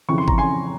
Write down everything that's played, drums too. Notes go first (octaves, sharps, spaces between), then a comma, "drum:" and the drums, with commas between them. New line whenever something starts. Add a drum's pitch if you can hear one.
F2 C#3 E3 C#6
C6
A#5, drum: kick
G#5 C6